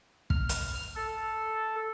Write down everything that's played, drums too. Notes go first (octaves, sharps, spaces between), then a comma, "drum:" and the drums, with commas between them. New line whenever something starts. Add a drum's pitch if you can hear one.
F6, drum: kick
drum: hi-hat
A4